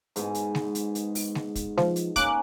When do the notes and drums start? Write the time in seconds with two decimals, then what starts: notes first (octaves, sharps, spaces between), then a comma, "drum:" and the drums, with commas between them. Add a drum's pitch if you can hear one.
0.16 G#2 B2, drum: hi-hat
0.35 drum: hi-hat
0.55 drum: snare G#3
0.75 drum: hi-hat
0.95 drum: hi-hat
1.15 drum: open hi-hat
1.35 drum: snare G#3
1.55 drum: kick, hi-hat
1.78 F3, drum: snare G#3
1.96 drum: hi-hat
2.16 A#3 C#4 D6 F#6, drum: kick, hi-hat